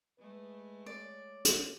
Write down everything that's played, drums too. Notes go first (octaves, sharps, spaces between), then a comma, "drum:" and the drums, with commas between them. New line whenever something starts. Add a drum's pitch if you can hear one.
G#3 A3 B4
C#5 D5
drum: hi-hat